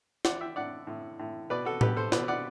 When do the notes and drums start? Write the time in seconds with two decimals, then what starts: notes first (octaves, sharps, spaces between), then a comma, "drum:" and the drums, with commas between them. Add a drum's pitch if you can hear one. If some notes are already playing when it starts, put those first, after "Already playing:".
0.25 E3 D5 F#5, drum: snare
0.41 E5 G5
0.56 A2 D5 F#5
0.87 A2
1.19 A2
1.50 B2 B4 D5
1.65 F#4 A4
1.81 B2 G4 B4, drum: tom A2
1.96 A4 C5
2.12 B2 B4 D5, drum: snare
2.28 D5 F#5